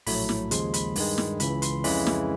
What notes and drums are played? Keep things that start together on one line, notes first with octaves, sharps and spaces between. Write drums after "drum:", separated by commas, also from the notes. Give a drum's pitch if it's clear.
A#1 A2 F#3 A3 B5, drum: open hi-hat
drum: snare
D#2 C#3 F3 G#3 C6, drum: hi-hat
B5, drum: hi-hat
G2 D#3 G#3, drum: open hi-hat
drum: snare
C#2 C#3 E3 B5, drum: hi-hat
C6, drum: hi-hat
F2 C#3 E3 G#3 B5, drum: open hi-hat
drum: snare